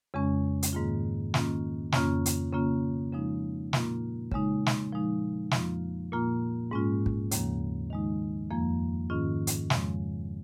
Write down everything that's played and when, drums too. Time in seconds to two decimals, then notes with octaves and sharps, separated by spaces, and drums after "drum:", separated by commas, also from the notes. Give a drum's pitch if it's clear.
0.14 F2 C#3 G#3 C#4
0.63 drum: hi-hat
0.73 G#2 D#3 A#3 F4
1.34 F2 D#3 A#3 C#4 F4, drum: snare
1.92 F2 C#3 A#3 C#4 F4, drum: snare
2.26 drum: hi-hat
2.53 C#3 A#3 C#4 F4
3.12 C#3 F3 G#3 D#4
3.73 A#2 A#3 F4, drum: snare
4.32 C#3 G#3 D#4, drum: kick
4.66 drum: snare
4.92 A#2 F3 G#3 D#4
5.51 F2 F3 A#3 F4, drum: snare
6.12 A#2 A#3 F4
6.71 G#2 G#3 C#4 F4
7.06 drum: kick
7.31 D#2 C#3 F3 A#3, drum: hi-hat
7.90 D#3 G#3 D#4
8.51 F2 F3 A#3
9.10 G#2 D#3 C#4 F4
9.47 drum: hi-hat
9.70 F2 C#3 F3 G#3, drum: snare